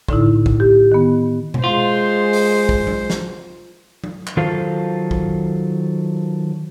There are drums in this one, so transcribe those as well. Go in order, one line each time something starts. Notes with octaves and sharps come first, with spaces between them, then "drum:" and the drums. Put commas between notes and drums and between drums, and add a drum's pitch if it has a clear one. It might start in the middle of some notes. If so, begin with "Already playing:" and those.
A2 D3 D#4 E4, drum: kick
drum: kick
G4
D#3 B3
drum: tom B2
G#3 F4 C5
drum: open hi-hat
drum: kick
drum: tom F#3
drum: snare
drum: tom F#3
drum: clap
D#3 F#3 F4 A4 C5 F5
drum: kick